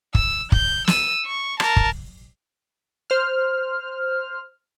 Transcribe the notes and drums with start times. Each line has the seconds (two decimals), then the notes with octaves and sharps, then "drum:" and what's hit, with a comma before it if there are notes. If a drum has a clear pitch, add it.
0.15 E6, drum: kick
0.52 G6, drum: kick
0.87 E6 D#7, drum: snare
1.25 C#6
1.60 A#4 A5, drum: rim click
1.76 drum: kick
3.10 C5 F6